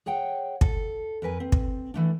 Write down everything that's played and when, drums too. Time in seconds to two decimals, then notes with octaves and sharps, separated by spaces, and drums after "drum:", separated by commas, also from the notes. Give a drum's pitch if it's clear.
0.06 G#4 C#5 F#5 G5
0.61 A4, drum: kick
1.22 F2 A#4 B4 G#5
1.40 C4
1.52 drum: kick
1.94 E3 A3 D4